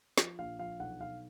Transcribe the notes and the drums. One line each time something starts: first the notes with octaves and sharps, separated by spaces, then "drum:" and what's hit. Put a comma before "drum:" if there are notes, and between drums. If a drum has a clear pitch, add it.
F3, drum: snare
A#1 F5
F3 F5
B1 F#5
B1 F5